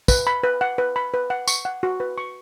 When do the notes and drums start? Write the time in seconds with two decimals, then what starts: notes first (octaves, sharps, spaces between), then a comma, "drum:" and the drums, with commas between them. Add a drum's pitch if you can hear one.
0.08 B4, drum: kick, tambourine
0.27 B5
0.43 B4
0.61 F#5
0.78 B4
0.96 B5
1.14 B4
1.30 F#5
1.48 C#6, drum: tambourine
1.65 F#5
1.83 F#4
2.00 B4
2.18 C#6